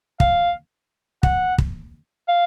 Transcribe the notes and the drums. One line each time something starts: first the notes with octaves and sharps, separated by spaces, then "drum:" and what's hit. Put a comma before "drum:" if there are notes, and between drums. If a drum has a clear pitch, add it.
F5, drum: kick
F#5, drum: kick
drum: kick
F5